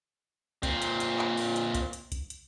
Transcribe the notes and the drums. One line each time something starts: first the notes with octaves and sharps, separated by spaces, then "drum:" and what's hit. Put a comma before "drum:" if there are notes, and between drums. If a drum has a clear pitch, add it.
A#2 C4, drum: kick C2, hi-hat
drum: hi-hat
drum: hi-hat
drum: clap
drum: open hi-hat
drum: hi-hat
drum: kick C2, hi-hat
drum: hi-hat
drum: kick C2, hi-hat
drum: hi-hat